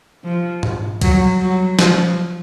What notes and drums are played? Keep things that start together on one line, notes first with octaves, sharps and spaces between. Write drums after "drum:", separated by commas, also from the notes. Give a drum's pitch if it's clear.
F3
drum: tom G#2
F#3, drum: kick, cymbal
F#3
F3, drum: snare